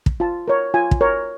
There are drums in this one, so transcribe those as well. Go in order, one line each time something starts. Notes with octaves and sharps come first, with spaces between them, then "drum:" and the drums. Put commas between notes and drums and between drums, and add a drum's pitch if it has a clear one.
drum: kick
F4 A5
A#4 C#5
F4 G#5
drum: kick
A#4 C#5